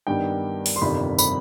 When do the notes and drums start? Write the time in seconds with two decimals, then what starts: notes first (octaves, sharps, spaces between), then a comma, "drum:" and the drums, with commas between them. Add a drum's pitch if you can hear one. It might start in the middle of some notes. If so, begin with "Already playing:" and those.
0.07 G2 D#3 G3 B3 D#4 G5
0.66 drum: open hi-hat
0.76 C6
0.81 G1 F2 C3 D#3 G3 B5
1.19 B5, drum: tambourine